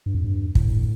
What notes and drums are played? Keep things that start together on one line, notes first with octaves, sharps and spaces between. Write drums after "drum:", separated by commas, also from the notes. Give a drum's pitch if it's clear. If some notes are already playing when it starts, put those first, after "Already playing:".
G2
F2
G2
A2, drum: kick